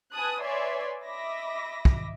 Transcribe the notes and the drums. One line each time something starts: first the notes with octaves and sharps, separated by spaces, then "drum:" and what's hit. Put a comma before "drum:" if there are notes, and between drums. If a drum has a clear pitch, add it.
B4 G#5 A5 D#6 F#6
B4 C#5 D5 E5 G#5 C6
D#5 E5 B5 D6 A#6
drum: kick